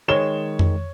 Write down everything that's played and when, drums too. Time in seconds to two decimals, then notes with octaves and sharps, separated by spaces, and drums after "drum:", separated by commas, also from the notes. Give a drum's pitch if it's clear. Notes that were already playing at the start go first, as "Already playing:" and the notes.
0.08 D#3 G#3 C#5 E7 G7
0.59 drum: tom F2